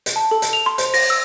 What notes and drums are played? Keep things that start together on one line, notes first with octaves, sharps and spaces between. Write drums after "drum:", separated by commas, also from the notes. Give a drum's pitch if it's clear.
drum: hi-hat
A5
A4
drum: hi-hat
F7
C6
C5, drum: hi-hat
A#6, drum: open hi-hat
E6